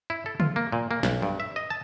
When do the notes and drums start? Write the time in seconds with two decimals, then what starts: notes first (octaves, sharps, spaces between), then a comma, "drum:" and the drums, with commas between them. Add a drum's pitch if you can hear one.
0.10 E4
0.26 A4
0.40 F4, drum: tom
0.56 A#3
0.72 A#2
0.91 A#3
1.03 B1, drum: snare
1.22 G2
1.40 E5
1.56 D#5
1.70 A5